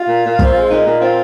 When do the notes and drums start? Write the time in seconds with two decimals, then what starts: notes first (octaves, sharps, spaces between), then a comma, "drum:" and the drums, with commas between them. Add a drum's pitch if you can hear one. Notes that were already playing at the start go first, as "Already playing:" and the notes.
Already playing: F4
0.08 A#2
0.24 A#2
0.39 C4, drum: kick
0.55 G#3
0.70 A#2 D#4
0.85 A#2
1.01 C4 F4